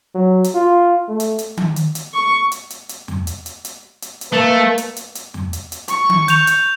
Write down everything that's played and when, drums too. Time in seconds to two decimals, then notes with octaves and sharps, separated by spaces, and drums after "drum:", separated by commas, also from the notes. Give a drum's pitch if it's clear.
0.15 F#3
0.44 drum: hi-hat
0.55 F4
1.08 A3
1.20 drum: hi-hat
1.39 drum: hi-hat
1.57 drum: tom D#3
1.76 drum: hi-hat
1.95 drum: hi-hat
2.14 C#6
2.52 drum: hi-hat
2.70 drum: hi-hat
2.89 drum: hi-hat
3.08 drum: tom E2
3.27 drum: hi-hat
3.46 drum: hi-hat
3.65 drum: hi-hat
4.02 drum: hi-hat
4.21 drum: hi-hat
4.32 A3 A#3 B4
4.78 drum: hi-hat
4.96 drum: hi-hat
5.15 drum: hi-hat
5.34 drum: tom E2
5.53 drum: hi-hat
5.72 drum: hi-hat
5.88 C#6, drum: hi-hat
6.10 drum: tom D#3
6.28 G6 F7, drum: hi-hat
6.47 drum: hi-hat